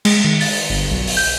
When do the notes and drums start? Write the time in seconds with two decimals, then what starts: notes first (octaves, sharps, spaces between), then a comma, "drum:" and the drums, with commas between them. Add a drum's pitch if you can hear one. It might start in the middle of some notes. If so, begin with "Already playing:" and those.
0.05 G#3, drum: cymbal
0.24 D#3
0.41 A6, drum: open hi-hat
0.70 G1
0.91 B1
1.07 drum: open hi-hat
1.17 G6